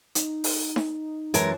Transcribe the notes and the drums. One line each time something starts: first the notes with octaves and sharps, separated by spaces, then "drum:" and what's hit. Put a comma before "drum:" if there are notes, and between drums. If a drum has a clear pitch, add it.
D#4, drum: hi-hat
drum: open hi-hat
drum: snare D#4
F#2 E3 G#3 A#4 A5, drum: hi-hat